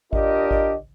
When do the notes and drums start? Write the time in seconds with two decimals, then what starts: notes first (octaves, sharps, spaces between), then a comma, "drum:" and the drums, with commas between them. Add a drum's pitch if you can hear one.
0.13 D4 F4 G4 A#4 D5 D#5, drum: kick G#1
0.51 drum: kick G#1